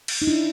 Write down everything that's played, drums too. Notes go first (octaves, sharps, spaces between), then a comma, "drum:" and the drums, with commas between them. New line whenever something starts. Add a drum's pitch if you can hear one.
drum: cymbal
D#4
D4 E4